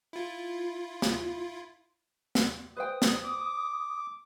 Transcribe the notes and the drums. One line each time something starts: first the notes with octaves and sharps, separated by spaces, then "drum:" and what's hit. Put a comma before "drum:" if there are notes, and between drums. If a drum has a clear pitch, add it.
E4 F4
drum: snare
drum: snare
B4 C5 G5 D#6
drum: snare
D6